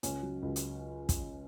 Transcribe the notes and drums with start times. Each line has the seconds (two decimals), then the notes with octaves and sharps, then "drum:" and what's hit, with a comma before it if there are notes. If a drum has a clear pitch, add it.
0.03 C#2 C#4, drum: hi-hat
0.22 F#3
0.42 C#2
0.56 drum: hi-hat
1.09 drum: kick, hi-hat